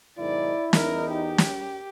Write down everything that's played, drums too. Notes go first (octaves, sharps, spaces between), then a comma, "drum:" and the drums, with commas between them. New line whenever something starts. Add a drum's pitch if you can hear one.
B1 G#2 D#3 E4 D5
E2 D#4 A#4, drum: snare
G4
drum: snare